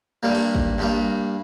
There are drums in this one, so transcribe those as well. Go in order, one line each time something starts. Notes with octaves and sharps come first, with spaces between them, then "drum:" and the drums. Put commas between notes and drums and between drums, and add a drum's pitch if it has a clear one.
G2 G3 A#3
drum: open hi-hat
drum: kick
G2 G3 A#3